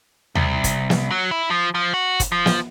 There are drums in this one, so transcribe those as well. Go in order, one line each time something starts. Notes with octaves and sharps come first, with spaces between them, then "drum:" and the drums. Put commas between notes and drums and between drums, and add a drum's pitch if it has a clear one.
C2, drum: tom D#2
drum: kick, hi-hat
drum: snare
F#3
E4
F3
F3
F#4
drum: kick, hi-hat
F3
drum: snare